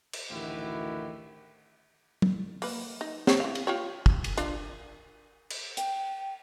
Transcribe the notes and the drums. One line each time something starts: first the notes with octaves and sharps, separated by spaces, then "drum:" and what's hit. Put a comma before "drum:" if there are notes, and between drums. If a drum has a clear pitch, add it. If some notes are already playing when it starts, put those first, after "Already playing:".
drum: cymbal
A1 D2 D#3 E4 F#4 G4
drum: tom
A#3 B4, drum: open hi-hat
D#4
C5 C#5, drum: snare
E3 F5
drum: cymbal
F4 G4 C#5
drum: kick
drum: cymbal
D4 F4, drum: hi-hat
drum: cymbal
G5, drum: hi-hat